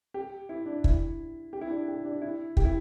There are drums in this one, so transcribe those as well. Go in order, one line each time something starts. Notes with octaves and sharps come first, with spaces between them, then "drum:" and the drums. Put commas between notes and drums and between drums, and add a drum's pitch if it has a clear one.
G4
E4
D4
E4, drum: kick
G4
E4
D4
G4
D4
E4
G4, drum: kick
E4